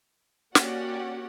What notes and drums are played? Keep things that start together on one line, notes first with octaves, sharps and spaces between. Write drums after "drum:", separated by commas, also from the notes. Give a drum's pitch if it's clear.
A#3 C#4 F#4 G4 D5 F#5, drum: snare